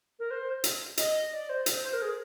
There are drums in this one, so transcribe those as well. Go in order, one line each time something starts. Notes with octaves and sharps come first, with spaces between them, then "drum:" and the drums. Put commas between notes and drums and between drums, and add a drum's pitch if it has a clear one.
A#4
C5
drum: hi-hat
D#5, drum: hi-hat
D5
C5
drum: hi-hat
C5
A#4
G#4